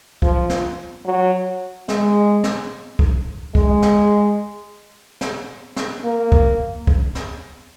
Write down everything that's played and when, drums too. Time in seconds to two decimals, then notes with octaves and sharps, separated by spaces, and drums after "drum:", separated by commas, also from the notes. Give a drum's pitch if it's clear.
0.22 F3, drum: kick
0.49 drum: snare
1.05 F#3
1.88 G#3, drum: snare
2.44 drum: snare
2.99 drum: kick
3.55 G#3, drum: kick
3.82 drum: snare
5.21 drum: snare
5.76 drum: snare
6.04 A#3
6.32 drum: kick
6.87 drum: kick
7.15 drum: snare